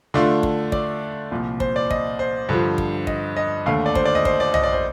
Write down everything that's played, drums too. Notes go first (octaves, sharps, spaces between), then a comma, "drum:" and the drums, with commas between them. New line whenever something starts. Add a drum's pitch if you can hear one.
D3 A3 D4 F4 C6
drum: kick
D5, drum: kick
C2 A#2 F3
C5, drum: kick
D5
D#5, drum: kick
C5
G2 D3 F3
drum: kick
D#5, drum: kick
D#5
D#2 D3 A3 F5
D5
C5, drum: kick
D5
D#5
C5, drum: kick
D5
D#5, drum: tom
D5
C5